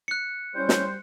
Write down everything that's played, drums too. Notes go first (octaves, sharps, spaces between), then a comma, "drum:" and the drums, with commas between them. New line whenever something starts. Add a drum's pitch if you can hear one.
F#6 C#7
G3 C#4 E4 C5 G6
drum: snare